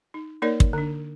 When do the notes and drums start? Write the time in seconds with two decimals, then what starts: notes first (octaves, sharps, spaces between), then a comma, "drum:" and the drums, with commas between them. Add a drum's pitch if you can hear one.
0.14 D#4
0.42 A#3 D#4 A#4 C#5 D5
0.60 drum: kick
0.73 D3 D4